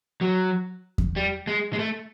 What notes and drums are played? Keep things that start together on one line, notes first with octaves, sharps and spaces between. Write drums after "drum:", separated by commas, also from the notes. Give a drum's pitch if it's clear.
F#3
drum: kick E2
G3
G#3
G#3
A3